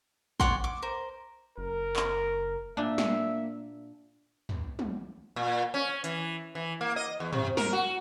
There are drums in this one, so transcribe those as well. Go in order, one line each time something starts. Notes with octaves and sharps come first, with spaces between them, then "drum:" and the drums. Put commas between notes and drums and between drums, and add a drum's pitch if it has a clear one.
C#5 D5 F#5 C6, drum: kick
D6
A#4 C5
F#1 A#4
drum: clap
A#2 A#3 D4 E5
drum: snare
drum: tom
drum: tom
A#2
C#4
E3, drum: hi-hat
E3
A#3
D#5
E2
C3, drum: tom
A#4, drum: snare
F#4